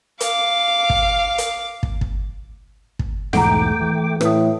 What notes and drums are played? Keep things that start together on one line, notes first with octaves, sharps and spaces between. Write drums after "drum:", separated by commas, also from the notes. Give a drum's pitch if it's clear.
F5 D6, drum: hi-hat
drum: kick
drum: hi-hat
drum: kick
drum: kick
drum: kick
B1 E2 G#2 A3 F#5 G5 A#5 D6, drum: snare
E3
A2 B4 D#6, drum: rim click